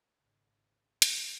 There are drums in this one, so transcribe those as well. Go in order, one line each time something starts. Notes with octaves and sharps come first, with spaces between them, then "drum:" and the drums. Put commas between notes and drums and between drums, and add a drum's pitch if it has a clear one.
G#1 C#3
A1 G3, drum: hi-hat